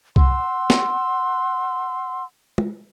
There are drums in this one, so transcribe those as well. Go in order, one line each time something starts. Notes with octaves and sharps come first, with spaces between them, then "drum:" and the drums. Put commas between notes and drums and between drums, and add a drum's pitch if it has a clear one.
F#5 C6 E6, drum: kick C2
drum: snare
drum: tom